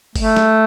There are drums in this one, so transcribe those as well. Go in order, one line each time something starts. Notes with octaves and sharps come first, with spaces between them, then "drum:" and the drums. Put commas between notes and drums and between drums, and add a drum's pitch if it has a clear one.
A3, drum: kick, open hi-hat
drum: snare